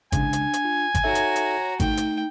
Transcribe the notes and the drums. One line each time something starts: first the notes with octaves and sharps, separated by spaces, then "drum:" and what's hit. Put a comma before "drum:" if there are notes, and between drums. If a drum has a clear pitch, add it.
C2 C#3 G#3 D4 G#5, drum: kick G#1, hi-hat
drum: hi-hat
drum: hi-hat
F4
drum: kick G#1, hi-hat
D#4 F#4 A4 C#5 E5 A#5
drum: hi-hat
drum: hi-hat
A3 D#4 G5, drum: kick G#1, hi-hat
drum: hi-hat